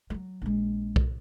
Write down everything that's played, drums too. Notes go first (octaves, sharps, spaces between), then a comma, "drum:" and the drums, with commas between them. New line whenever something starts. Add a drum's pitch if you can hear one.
F#3 G3
A#1 G#3
drum: kick B1